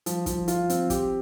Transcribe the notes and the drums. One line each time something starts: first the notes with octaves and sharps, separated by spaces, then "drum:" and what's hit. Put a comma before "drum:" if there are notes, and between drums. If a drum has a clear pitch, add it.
F3, drum: hi-hat
F3, drum: kick, hi-hat
F4, drum: hi-hat
C4, drum: hi-hat
G4, drum: kick, hi-hat